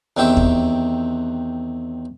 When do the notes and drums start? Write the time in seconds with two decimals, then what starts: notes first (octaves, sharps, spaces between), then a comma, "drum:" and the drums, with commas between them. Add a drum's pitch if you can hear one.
0.17 E2 D#3 C4 G4 E5
0.37 drum: kick D#2